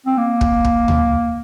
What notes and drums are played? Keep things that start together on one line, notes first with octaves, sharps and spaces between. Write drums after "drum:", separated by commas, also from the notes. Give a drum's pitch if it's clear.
C4
A#3
drum: kick
drum: kick
drum: tom D2